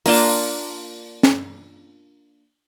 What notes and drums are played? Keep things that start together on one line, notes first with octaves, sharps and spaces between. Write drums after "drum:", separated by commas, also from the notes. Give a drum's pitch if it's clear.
A#3 D4 F4 A5, drum: open hi-hat
drum: snare